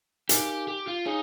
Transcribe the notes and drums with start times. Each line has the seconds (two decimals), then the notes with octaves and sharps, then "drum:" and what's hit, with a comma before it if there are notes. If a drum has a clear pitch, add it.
0.29 D#4 G4 A#4 F5 G#5, drum: hi-hat
0.68 G4
0.87 F4
1.06 D#4 G#4 C#5 F5 G#5